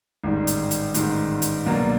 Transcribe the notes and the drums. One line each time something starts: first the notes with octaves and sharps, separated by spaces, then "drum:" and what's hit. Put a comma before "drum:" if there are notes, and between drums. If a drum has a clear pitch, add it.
A1 G#2 D#3 G3
drum: hi-hat
drum: hi-hat
A1 G#2 D#3 G3, drum: hi-hat
drum: hi-hat
C2 B2 F#3 A#3 D4